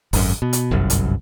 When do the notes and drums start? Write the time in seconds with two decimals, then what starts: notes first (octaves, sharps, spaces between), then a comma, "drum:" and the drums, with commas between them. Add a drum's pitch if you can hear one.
0.13 G#1 F#2, drum: open hi-hat
0.42 B2
0.53 drum: hi-hat
0.71 G1 C2 F#2
0.90 drum: hi-hat